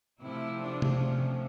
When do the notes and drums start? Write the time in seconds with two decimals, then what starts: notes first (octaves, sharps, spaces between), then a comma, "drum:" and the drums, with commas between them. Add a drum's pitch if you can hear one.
0.21 C3 F3 A3 E4
0.60 D4
0.82 drum: tom C3
0.99 C#4